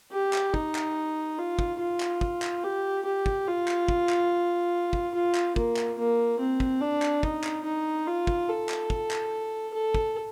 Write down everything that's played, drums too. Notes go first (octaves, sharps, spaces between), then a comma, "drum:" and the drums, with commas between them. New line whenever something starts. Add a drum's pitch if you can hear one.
G4
drum: clap
D#4, drum: kick
drum: clap
F4
drum: kick
F4
drum: clap
drum: kick
drum: clap
G4
G4
drum: kick
F4
drum: clap
drum: kick
drum: clap
drum: kick
F4
drum: clap
A#3, drum: kick
drum: clap
A#3
C4
drum: kick
D4
drum: clap
D#4, drum: kick
drum: clap
D#4
F4
drum: kick
A4
drum: clap
drum: kick
drum: clap
A4
drum: kick